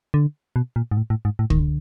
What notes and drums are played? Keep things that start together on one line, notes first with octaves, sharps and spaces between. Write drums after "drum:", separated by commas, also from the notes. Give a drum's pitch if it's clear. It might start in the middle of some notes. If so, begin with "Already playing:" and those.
D3
B2
A#2
G#2
A2
A2
G#2
A2
D#3, drum: kick
D3